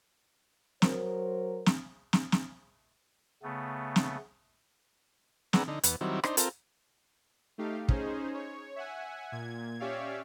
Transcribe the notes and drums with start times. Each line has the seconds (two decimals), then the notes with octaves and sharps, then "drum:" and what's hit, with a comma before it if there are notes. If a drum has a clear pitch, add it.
0.82 F#3 A#4 C5, drum: snare
1.66 drum: snare
2.13 drum: snare
2.32 drum: snare
3.43 C#3 A3 B3
3.96 drum: snare
5.53 B3 D4 G#4 F#5 A#5 E6, drum: snare
5.68 D3 D#4
5.83 E2 B3, drum: hi-hat
6.01 D#3 F#3 G3 C4 E4
6.24 D4 D#4 C5, drum: rim click
6.37 C4 F4 A4 A#4, drum: hi-hat
7.58 A3 D#4 G4 F5
7.89 C#4 D#4 G#4 C5, drum: kick
8.34 C#5
8.76 E5 F#5 G#5
9.32 A#2 G#6
9.80 C#4 G4 C#5 D5 E5 F5